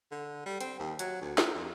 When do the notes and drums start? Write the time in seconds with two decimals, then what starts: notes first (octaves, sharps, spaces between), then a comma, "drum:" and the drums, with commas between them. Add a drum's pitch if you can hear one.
0.11 D3
0.46 G3
0.61 C4, drum: hi-hat
0.80 D#2
0.99 F#3, drum: hi-hat
1.22 D2
1.38 D#4, drum: snare
1.55 F2